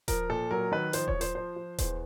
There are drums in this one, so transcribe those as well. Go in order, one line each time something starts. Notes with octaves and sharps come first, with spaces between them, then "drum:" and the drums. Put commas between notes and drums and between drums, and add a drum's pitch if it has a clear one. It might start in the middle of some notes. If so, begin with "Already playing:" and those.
F3 A#4, drum: kick D#1, hi-hat
A#2 A4
F#3 A#4
D#3 B4
F3 C5, drum: hi-hat
C#5, drum: kick D#1
F3
C5, drum: hi-hat
F3 C5
F3
E2 C5, drum: kick D#1, hi-hat